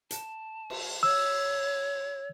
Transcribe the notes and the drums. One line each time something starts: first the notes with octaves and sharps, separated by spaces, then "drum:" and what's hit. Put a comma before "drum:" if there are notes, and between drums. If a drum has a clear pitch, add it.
A5, drum: hi-hat
drum: cymbal
C#5 E6